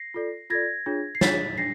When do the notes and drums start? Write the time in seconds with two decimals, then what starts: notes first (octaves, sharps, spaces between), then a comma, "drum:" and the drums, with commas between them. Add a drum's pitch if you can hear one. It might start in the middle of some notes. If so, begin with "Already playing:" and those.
Already playing: A#6 C7
0.14 F4 A4 D5
0.50 F4 A4 D5 G#6 A#6
0.86 D4 F4 G#4 C#5
1.15 C7
1.21 D4 F4 G#4 C#5 A6 B6, drum: snare
1.57 D4 A#6 C7